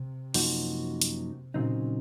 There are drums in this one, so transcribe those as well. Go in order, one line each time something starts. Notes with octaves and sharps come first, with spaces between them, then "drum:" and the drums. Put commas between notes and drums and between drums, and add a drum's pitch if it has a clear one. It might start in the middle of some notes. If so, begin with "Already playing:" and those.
Already playing: C3
F#2 F3 A#3 D#4 F#4, drum: open hi-hat
drum: hi-hat
A#2 C#3 F#3 C4 D#4